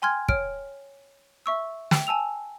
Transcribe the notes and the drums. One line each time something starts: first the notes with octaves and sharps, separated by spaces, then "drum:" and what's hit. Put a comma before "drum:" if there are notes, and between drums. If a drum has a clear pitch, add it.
G5 G#5 C6 F6 G#6
C#5 F6 D7, drum: kick
E5 C#6 E6
G5, drum: snare
G#5 A5 E6 F7